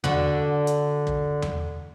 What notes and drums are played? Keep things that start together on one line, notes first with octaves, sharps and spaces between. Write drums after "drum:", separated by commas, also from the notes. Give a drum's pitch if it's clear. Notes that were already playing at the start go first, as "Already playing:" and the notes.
D3 D4 F#4, drum: tom E2
drum: hi-hat
drum: kick
drum: tom E2